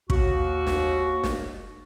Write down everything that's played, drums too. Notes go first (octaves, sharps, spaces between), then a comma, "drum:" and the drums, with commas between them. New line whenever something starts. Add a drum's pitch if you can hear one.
D#2 F#4, drum: kick
drum: snare
drum: snare